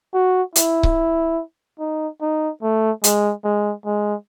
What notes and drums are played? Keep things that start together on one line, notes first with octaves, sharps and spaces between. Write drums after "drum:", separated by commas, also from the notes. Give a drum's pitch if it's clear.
F#4
E4, drum: hi-hat
drum: kick C#1
D#4
D#4
A3
G#3, drum: hi-hat
G#3
G#3